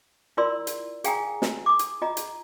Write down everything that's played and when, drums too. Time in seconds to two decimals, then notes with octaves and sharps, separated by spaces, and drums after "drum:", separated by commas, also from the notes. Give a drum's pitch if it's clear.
0.37 E4 F4 A#4 D5 C6 E6
0.67 drum: hi-hat
1.04 G#4 F5 G5 G#5 A#5 D#6, drum: hi-hat
1.42 drum: snare
1.66 D6 D#6
1.79 drum: hi-hat
2.02 F4 D#5 A#5
2.17 drum: hi-hat